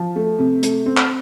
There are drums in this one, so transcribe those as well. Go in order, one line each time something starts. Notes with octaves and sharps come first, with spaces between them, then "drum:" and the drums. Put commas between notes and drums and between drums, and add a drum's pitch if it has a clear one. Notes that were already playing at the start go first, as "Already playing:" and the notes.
Already playing: F3
A3
C3
A3, drum: hi-hat
C4
drum: clap